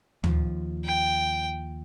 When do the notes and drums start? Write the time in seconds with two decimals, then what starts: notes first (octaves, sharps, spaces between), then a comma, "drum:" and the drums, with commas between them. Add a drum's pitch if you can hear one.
0.24 D#2 F3, drum: tom
0.85 G5